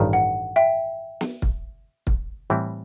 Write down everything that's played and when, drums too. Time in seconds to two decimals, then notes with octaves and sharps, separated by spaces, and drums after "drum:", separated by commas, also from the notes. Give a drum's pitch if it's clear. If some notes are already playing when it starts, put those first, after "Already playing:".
Already playing: A1 G2 D#3
0.13 F#5
0.56 E5 G5
1.21 drum: snare
1.42 drum: kick
2.07 drum: kick
2.50 A2 E3 G3 C4 E4